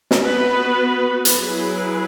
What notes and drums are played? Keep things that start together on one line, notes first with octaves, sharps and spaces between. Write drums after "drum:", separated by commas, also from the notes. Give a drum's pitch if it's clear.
drum: snare
B3 F#4 B4
drum: hi-hat
F#3 E4 G#4 B4